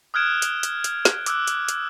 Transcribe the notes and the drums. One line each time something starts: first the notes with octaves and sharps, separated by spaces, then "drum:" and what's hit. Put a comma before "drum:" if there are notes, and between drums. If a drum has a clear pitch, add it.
D#6 F6 F#6 G#6 D7 E7
drum: hi-hat
drum: hi-hat
drum: hi-hat
drum: snare
D6 E6 F#6, drum: hi-hat
drum: hi-hat
drum: hi-hat